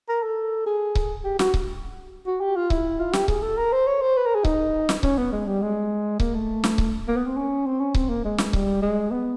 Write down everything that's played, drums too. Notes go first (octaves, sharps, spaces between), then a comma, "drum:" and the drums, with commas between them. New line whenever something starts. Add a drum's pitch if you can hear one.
A#4
A4
G#4
drum: kick C#1
G4
F#4, drum: snare
drum: kick C#1
F#4
G4
F4
E4, drum: kick C#1
F4
G4, drum: snare
G#4, drum: kick C#1
A4
A#4
C5
C#5
C5
B4
A#4
G#4
D#4, drum: kick C#1
drum: snare
C#4, drum: kick C#1
B3
G#3
G3
G#3
A#3, drum: kick C#1
A3
drum: snare
drum: kick C#1
A#3
B3
C4
C#4
C4
C#4
C4, drum: kick C#1
A#3
G#3
drum: snare
G3, drum: kick C#1
G#3
B3